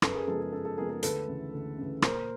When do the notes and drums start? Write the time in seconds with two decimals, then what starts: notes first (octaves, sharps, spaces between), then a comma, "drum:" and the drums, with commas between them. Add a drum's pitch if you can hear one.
0.02 F#2 A4 B4, drum: rim click
0.15 G#4 A#4
0.27 C#3 F3 G#3 B3 A4
0.41 G#4
0.52 F#2 A4
0.65 A4
0.77 C#3 F3 G#3 B3 G#4 A#4
0.89 G#4 A#4
1.03 D2 A4 B4, drum: hi-hat
1.28 C#3 E3
1.53 D2
1.78 C#3 E3
2.02 A#2 A#4 C5, drum: rim click